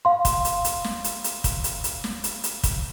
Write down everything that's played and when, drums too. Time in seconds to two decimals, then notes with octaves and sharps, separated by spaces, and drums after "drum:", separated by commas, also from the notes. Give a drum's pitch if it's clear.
0.05 F5 C6
0.25 drum: kick, hi-hat
0.45 drum: hi-hat
0.65 drum: hi-hat
0.84 drum: snare
1.04 drum: hi-hat
1.24 drum: hi-hat
1.44 drum: kick, hi-hat
1.64 drum: hi-hat
1.84 drum: hi-hat
2.04 drum: snare
2.24 drum: hi-hat
2.44 drum: hi-hat
2.63 drum: kick, hi-hat